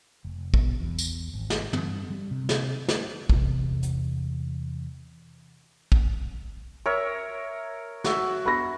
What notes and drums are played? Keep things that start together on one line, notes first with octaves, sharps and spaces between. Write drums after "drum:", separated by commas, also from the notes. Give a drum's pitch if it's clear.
F1
B2, drum: kick
E2
drum: tambourine
G#1
drum: snare
G2, drum: tom
G3
C3
drum: snare
drum: snare
E2 C3, drum: kick
drum: hi-hat
drum: kick
A#4 C#5 E5
F#4 E5, drum: snare
B5 A#6